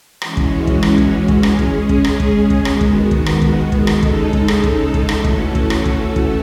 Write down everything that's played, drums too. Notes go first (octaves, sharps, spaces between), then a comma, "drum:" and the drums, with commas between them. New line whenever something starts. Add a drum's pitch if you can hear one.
E3 G#3 C#4 F#4, drum: rim click
drum: kick
drum: kick
drum: rim click
drum: kick
drum: kick
G#3 C#4 G#4, drum: rim click
drum: kick
drum: kick
drum: rim click
drum: kick
drum: kick
D#3 G#3 B3 F#4, drum: rim click
drum: kick
drum: kick
drum: rim click
drum: kick
drum: kick
C#3 G#3 D#4 A4, drum: rim click
drum: kick
drum: kick
drum: rim click
drum: kick
drum: kick
E3 A3 C#4 F#4 A4, drum: rim click
drum: kick
drum: kick
drum: rim click
drum: kick
drum: kick